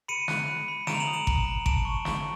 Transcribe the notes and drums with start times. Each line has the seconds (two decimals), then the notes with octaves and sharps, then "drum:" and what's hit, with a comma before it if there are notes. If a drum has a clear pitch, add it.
0.08 B5 C#7 D#7
0.28 F#6, drum: snare
0.48 B5
0.68 B5
0.87 A#5 D7 E7, drum: snare
0.95 F7
1.00 E7 F#7
1.07 D#6
1.13 E7 F#7
1.27 A#5, drum: kick G#1
1.46 A#5
1.66 A5 D7 E7, drum: kick G#1
1.85 C#6
2.05 C#6, drum: snare